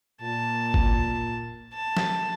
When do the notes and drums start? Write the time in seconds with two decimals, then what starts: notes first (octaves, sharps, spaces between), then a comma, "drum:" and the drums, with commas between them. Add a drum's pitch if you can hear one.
0.22 A#2 A5
0.74 drum: kick G1
1.74 A5
1.97 drum: snare F3